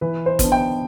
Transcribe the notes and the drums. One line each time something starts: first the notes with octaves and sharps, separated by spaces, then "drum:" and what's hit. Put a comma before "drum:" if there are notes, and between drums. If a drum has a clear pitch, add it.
E3 B4
C5
B3 D4, drum: kick G#1, hi-hat
G5